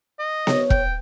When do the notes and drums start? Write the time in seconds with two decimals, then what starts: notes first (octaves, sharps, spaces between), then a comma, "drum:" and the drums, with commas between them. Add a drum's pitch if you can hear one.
0.20 D#5
0.47 C#5, drum: snare B3
0.70 G5, drum: kick E1